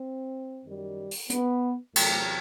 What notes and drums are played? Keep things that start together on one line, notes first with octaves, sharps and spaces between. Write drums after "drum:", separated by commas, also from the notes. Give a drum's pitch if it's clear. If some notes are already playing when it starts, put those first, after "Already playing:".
Already playing: C4
F#2 D#3 G3
drum: open hi-hat
B3, drum: hi-hat
E2 C3 F#3 A3, drum: cymbal